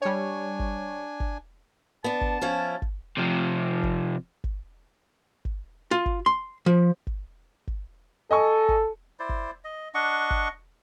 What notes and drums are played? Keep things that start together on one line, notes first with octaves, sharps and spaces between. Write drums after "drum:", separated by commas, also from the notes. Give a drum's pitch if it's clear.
G3 D4 C#5 G#5
drum: kick G1
drum: kick G1
B3 D4 A5
drum: kick G1
F3 C#4 E4
drum: kick G1
C3 F3
drum: kick G1
drum: kick G1
drum: kick G1
F4
drum: kick G1
C6
F3
drum: kick G1
drum: kick G1
A4 D#5 G#5 C#6
drum: kick G1
E4 C5 D5
drum: kick G1
D#5
D4 D#5 F#5 C#6
drum: kick G1